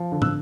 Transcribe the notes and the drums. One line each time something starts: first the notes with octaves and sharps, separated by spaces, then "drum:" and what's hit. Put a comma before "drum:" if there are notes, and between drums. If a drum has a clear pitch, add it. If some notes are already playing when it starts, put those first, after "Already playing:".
Already playing: F3
D3
E6 F#6, drum: tom